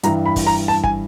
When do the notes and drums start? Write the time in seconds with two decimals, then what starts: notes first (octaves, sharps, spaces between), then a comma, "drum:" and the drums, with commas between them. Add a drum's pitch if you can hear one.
0.03 G2 E3 G3 A#5, drum: hi-hat
0.26 B5
0.36 drum: kick, open hi-hat
0.47 A#5
0.68 A5
0.84 G#5, drum: kick